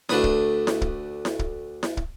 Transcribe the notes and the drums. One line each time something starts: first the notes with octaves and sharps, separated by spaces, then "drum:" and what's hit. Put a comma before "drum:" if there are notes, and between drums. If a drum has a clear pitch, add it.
D2 A3 D4 B4 B5 D#6, drum: snare E4
drum: kick
drum: snare E4
drum: kick
drum: snare E4
drum: kick
drum: snare E4
drum: kick